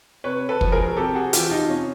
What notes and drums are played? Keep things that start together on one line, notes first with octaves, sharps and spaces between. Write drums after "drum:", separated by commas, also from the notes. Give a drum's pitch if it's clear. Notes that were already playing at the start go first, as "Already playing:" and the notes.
C3 B4 C#5
A4 B4
F3, drum: kick
G#4 A#4
C3 G4 A4
F#4 G#4
E3 F4 G4, drum: hi-hat
D#4 F4
C3 C#4